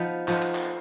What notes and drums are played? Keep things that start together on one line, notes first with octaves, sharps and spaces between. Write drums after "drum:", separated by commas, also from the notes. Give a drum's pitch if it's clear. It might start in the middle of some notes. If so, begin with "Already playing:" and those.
Already playing: F3 B3 D#4
F3 B3 D#4, drum: clap
drum: cymbal
drum: clap